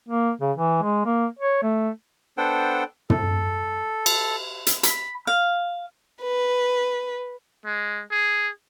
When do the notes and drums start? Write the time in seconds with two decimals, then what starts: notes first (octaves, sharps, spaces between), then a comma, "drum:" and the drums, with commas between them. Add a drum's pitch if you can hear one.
0.08 A#3
0.41 C#3
0.57 E3
0.82 G#3
1.05 A#3
1.39 C#5
1.62 A3
2.38 B3 D4 A4 C5 F#5 G5
3.10 A4, drum: tom
4.06 drum: cymbal
4.67 drum: hi-hat
4.83 B5, drum: hi-hat
5.27 F5
6.22 B4
7.65 G#3
8.11 G#4